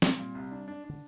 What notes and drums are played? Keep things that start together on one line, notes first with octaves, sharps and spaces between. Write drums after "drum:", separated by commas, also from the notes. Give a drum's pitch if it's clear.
A#2 G3 C4, drum: snare
A#2
C2
D4
D4
D4
D3